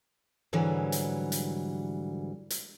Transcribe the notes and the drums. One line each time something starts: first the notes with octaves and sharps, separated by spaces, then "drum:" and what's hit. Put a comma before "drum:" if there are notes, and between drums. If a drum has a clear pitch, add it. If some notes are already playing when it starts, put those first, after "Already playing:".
G#2 D3 E3 F#3 G3
drum: hi-hat
drum: hi-hat
drum: hi-hat